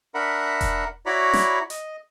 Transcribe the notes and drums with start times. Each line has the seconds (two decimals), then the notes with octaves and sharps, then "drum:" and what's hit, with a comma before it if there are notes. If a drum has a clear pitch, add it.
0.15 D4 A#4 E5 F#5 B5
0.61 drum: kick E1, hi-hat
1.06 E4 F#4 C#5 D5 A#5 B5
1.34 drum: snare
1.70 D#5, drum: hi-hat